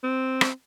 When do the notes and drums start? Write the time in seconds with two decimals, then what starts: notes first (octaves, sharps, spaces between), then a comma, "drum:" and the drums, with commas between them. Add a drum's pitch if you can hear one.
0.03 C4
0.41 drum: rim click